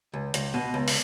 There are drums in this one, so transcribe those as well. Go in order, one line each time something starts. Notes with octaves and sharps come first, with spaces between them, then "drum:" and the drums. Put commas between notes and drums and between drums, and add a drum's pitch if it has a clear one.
C#2
C#2, drum: hi-hat
B2
C#2
drum: open hi-hat